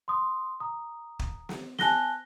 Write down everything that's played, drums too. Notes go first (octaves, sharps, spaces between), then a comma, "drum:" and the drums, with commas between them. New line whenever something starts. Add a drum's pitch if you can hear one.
C6 D#6
A#5 D#6
drum: kick
drum: snare
G#5 A5 F#6 A#6 G7, drum: snare